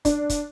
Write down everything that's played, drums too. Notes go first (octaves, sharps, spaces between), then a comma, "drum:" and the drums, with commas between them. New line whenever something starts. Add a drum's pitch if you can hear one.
D4, drum: kick, hi-hat
drum: kick, hi-hat